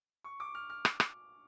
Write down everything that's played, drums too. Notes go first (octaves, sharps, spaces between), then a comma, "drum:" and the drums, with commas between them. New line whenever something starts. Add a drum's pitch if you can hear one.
C#6
D6
F6
F6
drum: rim click
drum: rim click